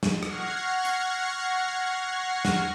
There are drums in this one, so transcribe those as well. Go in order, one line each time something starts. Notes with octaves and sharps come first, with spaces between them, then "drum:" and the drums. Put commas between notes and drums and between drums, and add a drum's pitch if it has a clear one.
drum: snare
F#5 C#6 F6 G#6 A#6 C7, drum: rim click
drum: hi-hat
drum: snare